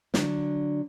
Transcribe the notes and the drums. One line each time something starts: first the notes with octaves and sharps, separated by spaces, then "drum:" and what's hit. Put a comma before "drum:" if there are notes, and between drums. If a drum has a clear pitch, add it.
D3 F#3 D4, drum: snare